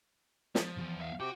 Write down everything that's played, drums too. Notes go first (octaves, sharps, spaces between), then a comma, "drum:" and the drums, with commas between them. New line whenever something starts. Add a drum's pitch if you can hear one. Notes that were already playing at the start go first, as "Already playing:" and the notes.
F3, drum: snare
B1 E2
E5 F5
C3 F#4 G4 G5